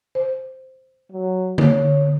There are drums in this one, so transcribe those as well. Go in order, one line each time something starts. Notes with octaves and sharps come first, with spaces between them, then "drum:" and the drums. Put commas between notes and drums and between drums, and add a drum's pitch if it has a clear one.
C5
F#3
D#4 C#5, drum: tom D3